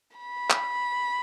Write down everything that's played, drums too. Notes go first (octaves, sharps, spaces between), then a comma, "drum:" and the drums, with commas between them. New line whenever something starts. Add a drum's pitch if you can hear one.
B5
drum: clap